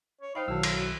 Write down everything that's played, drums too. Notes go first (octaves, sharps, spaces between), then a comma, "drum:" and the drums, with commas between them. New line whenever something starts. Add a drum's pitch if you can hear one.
C#5
D#4 C5 F5 G5 B5
B1 D#3 F#3 E4 E6
F#4, drum: cymbal